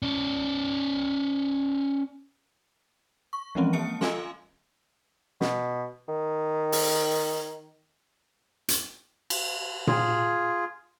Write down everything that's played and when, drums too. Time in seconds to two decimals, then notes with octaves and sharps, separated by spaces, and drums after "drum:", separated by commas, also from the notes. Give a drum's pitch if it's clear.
0.02 C#4 D5
3.33 C#6
3.55 E3 F3 G#3 C4 C#4
3.73 A#3 E5 A5 C#7
4.01 F4 A4 D#5 F5 G#5 C6, drum: snare
5.41 B2, drum: snare
6.08 D#3
6.72 drum: open hi-hat
8.68 drum: hi-hat
9.30 drum: cymbal
9.87 F4 G#4, drum: tom A#2